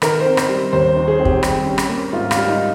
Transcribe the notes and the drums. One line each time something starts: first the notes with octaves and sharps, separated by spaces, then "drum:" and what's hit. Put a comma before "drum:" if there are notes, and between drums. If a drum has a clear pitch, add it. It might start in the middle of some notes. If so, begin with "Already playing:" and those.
D#3 A#4, drum: rim click
C5
C4
C5, drum: rim click
G3
D#2 C5
D#3
G#4
C4
G4, drum: kick
G3, drum: rim click
C#4
drum: rim click
A#3
G#2 F4
F4, drum: rim click
G3
D#4